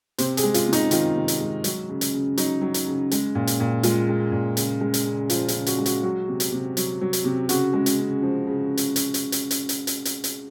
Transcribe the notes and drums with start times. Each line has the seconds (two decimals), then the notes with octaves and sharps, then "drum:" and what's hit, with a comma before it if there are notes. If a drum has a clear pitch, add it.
0.18 C3 C5, drum: hi-hat
0.37 G#4, drum: hi-hat
0.43 G#3
0.54 F4, drum: hi-hat
0.67 C3
0.73 D#4, drum: hi-hat
0.91 D#3 F4, drum: hi-hat
1.16 C3
1.28 drum: hi-hat
1.40 G#3
1.64 F#3, drum: hi-hat
1.89 C#3
2.01 drum: hi-hat
2.14 C#3
2.37 F#3 D#4, drum: hi-hat
2.62 F#3
2.74 drum: hi-hat
2.87 C#3
3.11 G#3, drum: hi-hat
3.35 A#2
3.47 drum: hi-hat
3.60 A#2
3.83 G#3 F4, drum: hi-hat
4.09 G#3
4.32 A#2
4.57 C#3, drum: hi-hat
4.81 G#3
4.94 drum: hi-hat
5.06 C#3
5.30 F3 F4, drum: hi-hat
5.48 F4, drum: hi-hat
5.54 C#3
5.66 F#4, drum: hi-hat
5.78 G#3
5.86 F#4, drum: hi-hat
6.03 F#3 F#4
6.28 C3
6.40 drum: hi-hat
6.53 C3
6.77 F#3, drum: hi-hat
7.01 F#3
7.13 drum: hi-hat
7.25 C3
7.49 C#3 F#4, drum: hi-hat
7.73 G#3
7.86 drum: hi-hat
7.99 C#3
8.22 F3
8.47 C#3
8.77 drum: hi-hat
8.96 drum: hi-hat
9.14 drum: hi-hat
9.32 drum: hi-hat
9.51 drum: hi-hat
9.69 drum: hi-hat
9.87 drum: hi-hat
10.05 drum: hi-hat
10.24 drum: hi-hat